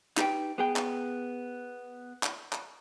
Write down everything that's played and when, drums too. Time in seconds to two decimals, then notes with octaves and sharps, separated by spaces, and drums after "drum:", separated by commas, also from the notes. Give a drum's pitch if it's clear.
0.17 D#4 G4 B4 G5, drum: clap
0.58 B3 G#4 G5
0.76 drum: clap
2.23 drum: clap
2.53 drum: clap